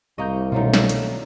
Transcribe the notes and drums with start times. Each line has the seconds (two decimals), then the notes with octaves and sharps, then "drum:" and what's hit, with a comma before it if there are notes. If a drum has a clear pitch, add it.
0.18 C2 A#3 D#5 C#6 G6
0.52 B2 D#3 F#3 A3 D4 E4 F4
0.74 drum: snare
0.89 drum: hi-hat